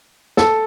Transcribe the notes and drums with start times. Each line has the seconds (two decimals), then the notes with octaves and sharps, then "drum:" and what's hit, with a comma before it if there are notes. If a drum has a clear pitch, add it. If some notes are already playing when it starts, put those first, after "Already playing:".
0.37 A4, drum: snare